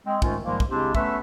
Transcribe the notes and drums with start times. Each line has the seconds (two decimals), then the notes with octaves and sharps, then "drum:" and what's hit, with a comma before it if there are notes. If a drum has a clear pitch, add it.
0.06 G#3 C4
0.22 G#2 D#3 G#3 A3 C#4 F4, drum: kick
0.43 G#2 D#3 F3 G3 G#3 A#3
0.60 drum: kick
0.69 C#3 G#3 C4 D4 E4 G4
0.95 A3 B3 C#4 B4 E5, drum: kick